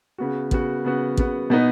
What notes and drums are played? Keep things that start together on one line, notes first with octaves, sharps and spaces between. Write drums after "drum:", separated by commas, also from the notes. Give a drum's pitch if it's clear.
C#3 B3 F#4
C#3 B3 F#4, drum: kick
C#3 B3 F#4
C#3 B3 F#4, drum: kick
B2 B3 D#4